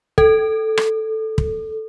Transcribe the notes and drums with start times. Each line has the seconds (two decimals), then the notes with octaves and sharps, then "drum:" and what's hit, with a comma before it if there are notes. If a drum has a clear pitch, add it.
0.18 A4, drum: kick
0.77 drum: rim click
1.38 drum: kick